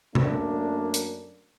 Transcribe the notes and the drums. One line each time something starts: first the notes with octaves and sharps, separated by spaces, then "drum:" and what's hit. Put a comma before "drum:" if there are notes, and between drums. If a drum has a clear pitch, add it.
F#2 A3 A#3 D4, drum: tom C3
drum: hi-hat